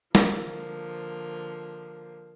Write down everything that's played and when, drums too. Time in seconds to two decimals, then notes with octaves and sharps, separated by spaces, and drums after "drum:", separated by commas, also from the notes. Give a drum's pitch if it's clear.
0.15 D3 F3 A#3, drum: snare